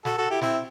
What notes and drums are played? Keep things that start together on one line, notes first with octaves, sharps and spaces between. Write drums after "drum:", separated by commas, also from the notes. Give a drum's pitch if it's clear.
F#4 A4, drum: snare
F#4 A4
E4 G4
C4 E4, drum: snare